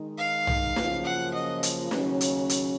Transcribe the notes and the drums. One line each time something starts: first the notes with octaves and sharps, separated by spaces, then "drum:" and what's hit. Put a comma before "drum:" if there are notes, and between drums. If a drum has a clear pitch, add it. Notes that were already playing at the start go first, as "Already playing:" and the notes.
Already playing: D#3 G#3 D#4
F5
drum: tom
F#2 C#3 F3 A#3 F4, drum: snare
F#5
D#5
drum: hi-hat
D#2 C#3 F#3 C#4, drum: snare
drum: hi-hat
drum: hi-hat